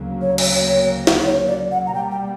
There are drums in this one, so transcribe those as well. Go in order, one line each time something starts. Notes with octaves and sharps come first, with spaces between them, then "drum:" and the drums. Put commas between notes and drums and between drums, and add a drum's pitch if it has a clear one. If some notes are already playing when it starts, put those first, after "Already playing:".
Already playing: D2 C#3 F#3 A#3
C#5
drum: cymbal
C#5
drum: snare
C#5
D5
F#5
A#5
B2 G3 A#3 G5
G5